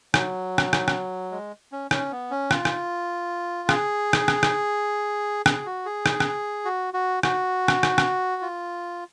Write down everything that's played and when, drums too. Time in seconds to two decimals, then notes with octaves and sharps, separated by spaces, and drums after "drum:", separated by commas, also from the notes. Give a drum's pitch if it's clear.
0.14 F#3, drum: rim click
0.58 drum: rim click
0.73 drum: rim click
0.88 drum: rim click
1.32 G#3
1.72 C#4
1.91 C#4, drum: rim click
2.11 B3
2.31 C#4
2.51 F4, drum: rim click
2.65 drum: rim click
3.69 G#4, drum: rim click
4.13 drum: rim click
4.28 drum: rim click
4.43 drum: rim click
5.46 G#4, drum: rim click
5.66 F#4
5.86 G#4
6.06 drum: rim click
6.20 drum: rim click
6.65 F#4
6.94 F#4
7.23 F#4, drum: rim click
7.68 drum: rim click
7.83 drum: rim click
7.98 drum: rim click
8.42 F4